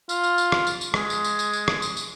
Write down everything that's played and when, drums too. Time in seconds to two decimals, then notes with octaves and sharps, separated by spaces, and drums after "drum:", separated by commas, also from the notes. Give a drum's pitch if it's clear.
0.09 F4, drum: tambourine
0.23 drum: tambourine
0.38 drum: tambourine
0.52 drum: rim click
0.67 drum: tambourine
0.81 drum: tambourine
0.94 G#3, drum: rim click
1.10 drum: tambourine
1.24 drum: tambourine
1.39 drum: tambourine
1.53 drum: tambourine
1.68 drum: rim click
1.82 drum: tambourine
1.97 drum: tambourine